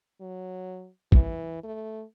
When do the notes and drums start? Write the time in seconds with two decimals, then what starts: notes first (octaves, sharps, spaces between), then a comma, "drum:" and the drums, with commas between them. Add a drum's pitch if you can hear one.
0.21 F#3
1.12 E3, drum: kick
1.63 A3